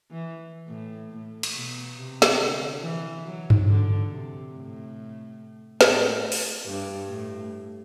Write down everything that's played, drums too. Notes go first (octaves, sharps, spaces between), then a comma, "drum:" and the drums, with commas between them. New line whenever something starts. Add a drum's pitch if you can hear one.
E3
A2
A2
drum: cymbal
B2
C3
drum: snare
D3
E3
F#3
drum: tom G2
D3
C3
A2
A2, drum: snare
drum: open hi-hat
G2
A2